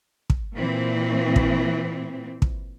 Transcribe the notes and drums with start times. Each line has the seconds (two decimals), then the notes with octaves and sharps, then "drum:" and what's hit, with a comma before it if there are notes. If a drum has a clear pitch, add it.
0.30 drum: kick
0.56 A#2 E3 C4
1.36 drum: kick
2.42 drum: kick